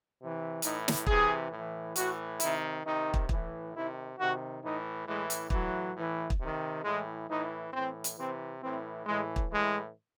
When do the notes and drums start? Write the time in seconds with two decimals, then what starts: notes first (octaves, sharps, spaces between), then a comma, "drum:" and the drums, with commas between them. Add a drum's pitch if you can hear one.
0.18 C3 E3
0.62 A2 E3 D#4, drum: hi-hat
0.88 drum: snare
1.06 C3 E3 G#4, drum: kick
1.51 A2 E3
1.96 A2 E3 F#4, drum: hi-hat
2.40 C3 D#3 E4, drum: hi-hat
2.84 C3 D#3 D#4
3.14 drum: kick
3.29 A2 E3, drum: kick
3.73 C3 D#3 E4
4.17 C3 D#3 F#4
4.61 A2 E3 D#4
5.06 A2 E3 G#3
5.30 drum: hi-hat
5.50 A2 E3 F#3, drum: kick
5.94 A2 E3
6.30 drum: kick
6.40 C3 D#3
6.84 A2 E3 G#3
7.28 A2 E3 D#4
7.72 A2 E3 C4
8.04 drum: hi-hat
8.16 C3 E3 C4
8.61 A2 E3 C4
9.05 A2 E3 G#3
9.36 drum: kick
9.50 A2 E3 G#3